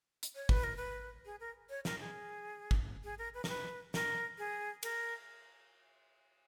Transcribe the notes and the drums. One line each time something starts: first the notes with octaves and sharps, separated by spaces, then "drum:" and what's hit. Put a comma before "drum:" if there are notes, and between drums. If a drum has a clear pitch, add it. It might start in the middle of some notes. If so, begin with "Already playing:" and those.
drum: hi-hat
C#5
B4, drum: kick
A#4
B4
G#4
A#4
C#5
A#4, drum: snare
G#4
drum: kick
G#4
A#4
B4
A#4, drum: snare
B4
A#4, drum: snare
G#4
A#4, drum: cymbal